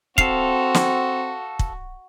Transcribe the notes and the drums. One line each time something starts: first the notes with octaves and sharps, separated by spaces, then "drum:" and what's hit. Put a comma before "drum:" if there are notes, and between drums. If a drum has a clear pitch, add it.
C4 F#4 A4 F5 C7 F7, drum: kick
drum: snare
drum: kick